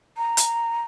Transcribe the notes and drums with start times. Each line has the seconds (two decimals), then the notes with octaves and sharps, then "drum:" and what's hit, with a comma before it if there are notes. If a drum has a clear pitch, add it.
0.18 A#5
0.37 drum: hi-hat